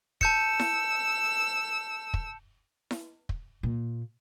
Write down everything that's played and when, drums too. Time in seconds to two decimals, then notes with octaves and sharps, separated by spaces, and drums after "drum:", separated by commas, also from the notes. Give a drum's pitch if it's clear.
0.21 A5 E6 G6 C#7, drum: kick
0.60 drum: snare E4
2.14 drum: kick
2.91 drum: snare E4
3.29 drum: kick
3.63 A#2